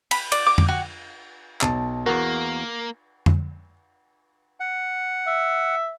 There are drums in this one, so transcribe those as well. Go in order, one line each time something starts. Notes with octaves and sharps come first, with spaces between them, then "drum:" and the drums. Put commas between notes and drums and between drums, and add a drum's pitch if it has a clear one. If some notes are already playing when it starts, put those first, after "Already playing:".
B5, drum: cymbal
D5, drum: cymbal
D6
drum: tom F2
F#4
B1 A5, drum: clap
E2 A#3 F#4 A#4
drum: tom F2
F#5
E5